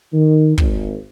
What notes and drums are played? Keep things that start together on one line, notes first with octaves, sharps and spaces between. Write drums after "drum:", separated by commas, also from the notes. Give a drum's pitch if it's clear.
D#3
G#1, drum: kick